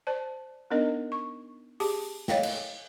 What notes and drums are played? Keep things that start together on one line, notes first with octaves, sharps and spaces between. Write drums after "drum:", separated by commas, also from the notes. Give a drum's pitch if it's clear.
C5 D5 A5
B3 D4 D#4 A#4 D#5
C#6
G4 G#4 A5, drum: open hi-hat
C#5 D#5 F5 G5, drum: snare
drum: cymbal